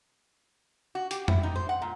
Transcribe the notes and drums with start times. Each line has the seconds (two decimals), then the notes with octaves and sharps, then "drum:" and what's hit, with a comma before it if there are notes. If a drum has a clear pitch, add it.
0.95 F#4
1.11 G4, drum: hi-hat
1.28 E4, drum: tom F2
1.43 D#4
1.55 C5
1.69 F#5
1.82 A#2